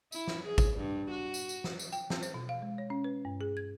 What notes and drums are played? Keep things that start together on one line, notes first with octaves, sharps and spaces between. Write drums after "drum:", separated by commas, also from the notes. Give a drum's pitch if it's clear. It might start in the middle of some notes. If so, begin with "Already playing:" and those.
E4, drum: tambourine
drum: snare
G#4
drum: kick, tambourine
G2
F#4
drum: tambourine
drum: tambourine
drum: snare
drum: tambourine
G5, drum: tambourine
C4, drum: snare
C5, drum: tambourine
B2
F5
G#3
C#5
C#4
B4
G2
G#4
G#6